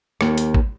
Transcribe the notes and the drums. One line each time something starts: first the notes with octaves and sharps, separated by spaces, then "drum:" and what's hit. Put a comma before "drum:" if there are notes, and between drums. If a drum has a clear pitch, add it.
D#2, drum: rim click
drum: hi-hat
drum: kick G#1